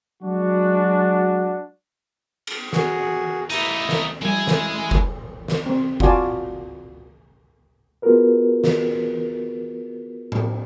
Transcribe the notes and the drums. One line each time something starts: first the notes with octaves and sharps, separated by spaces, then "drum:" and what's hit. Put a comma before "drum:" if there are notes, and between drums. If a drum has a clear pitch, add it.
F#3 G#3 D4 F#4
drum: cymbal
F#4 G#4, drum: snare
A3 D#4 E4 A#5, drum: hi-hat
drum: snare
G#3 E4 G#5, drum: tom G3
drum: snare
drum: kick F1
drum: snare
C4
F4 F#4 D5 G#5 A5, drum: kick F1
B3 F4 F#4 G#4 A#4 B4
drum: snare
drum: tom A2